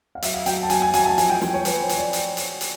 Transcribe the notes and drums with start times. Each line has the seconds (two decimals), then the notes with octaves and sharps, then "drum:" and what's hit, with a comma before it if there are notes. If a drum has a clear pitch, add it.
0.15 F5
0.22 F#3 E5, drum: hi-hat
0.34 F5
0.46 F#3 G5, drum: hi-hat
0.63 A5
0.70 F#3 G#5, drum: hi-hat
0.82 G#5
0.94 F#3 G#5, drum: hi-hat
1.06 A5
1.18 F3 G#5, drum: hi-hat
1.30 G5
1.41 F3, drum: snare
1.54 C#5
1.65 F3 B4, drum: hi-hat
1.81 C5
1.89 F3, drum: hi-hat
1.97 D5
2.13 drum: hi-hat
2.37 drum: hi-hat
2.61 drum: hi-hat